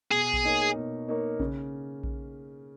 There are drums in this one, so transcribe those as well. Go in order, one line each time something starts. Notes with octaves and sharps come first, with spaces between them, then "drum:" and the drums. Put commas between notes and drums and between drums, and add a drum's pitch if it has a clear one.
B2 G#4
drum: kick A#1
A#3 D#4 A#4 C#5
B2
A#3 D#4 A#4 C#5
C#3, drum: kick A#1
drum: kick A#1